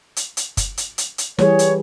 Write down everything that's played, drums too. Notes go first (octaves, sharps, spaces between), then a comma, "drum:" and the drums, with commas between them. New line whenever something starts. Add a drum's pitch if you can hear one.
drum: hi-hat
drum: hi-hat
drum: kick, hi-hat
drum: hi-hat
drum: hi-hat
drum: hi-hat
E3 G3 G#4 C#5, drum: snare
drum: hi-hat